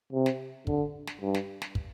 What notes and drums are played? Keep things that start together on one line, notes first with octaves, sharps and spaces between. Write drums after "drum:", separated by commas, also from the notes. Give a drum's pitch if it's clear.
C3
drum: snare
D3, drum: kick
drum: snare
G2
drum: snare
drum: snare
drum: kick